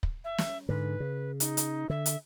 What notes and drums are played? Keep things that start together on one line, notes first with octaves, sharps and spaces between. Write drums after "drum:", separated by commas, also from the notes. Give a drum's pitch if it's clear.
drum: kick
E5
drum: snare
G#2 D3 B4
C#3
D#4, drum: hi-hat
drum: hi-hat
D3 E5
drum: hi-hat